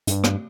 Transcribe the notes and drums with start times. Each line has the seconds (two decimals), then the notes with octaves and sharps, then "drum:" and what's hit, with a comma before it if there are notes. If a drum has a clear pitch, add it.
0.07 G2, drum: hi-hat
0.24 drum: rim click